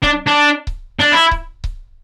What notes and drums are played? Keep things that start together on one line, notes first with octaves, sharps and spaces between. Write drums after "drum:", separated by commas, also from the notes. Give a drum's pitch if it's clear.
D4, drum: kick C#1
D4
drum: kick C#1
D4
E4
drum: kick C#1
drum: kick C#1